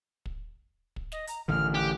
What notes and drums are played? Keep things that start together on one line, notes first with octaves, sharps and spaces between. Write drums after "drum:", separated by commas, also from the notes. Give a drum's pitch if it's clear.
drum: kick
drum: kick
D#5, drum: snare
A#5, drum: hi-hat
A1 D3 D#3 F6
G4 F#6